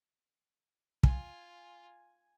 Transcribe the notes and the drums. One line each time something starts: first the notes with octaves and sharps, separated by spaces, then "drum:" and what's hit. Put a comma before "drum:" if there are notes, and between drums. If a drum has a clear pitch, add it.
F4 G#5, drum: kick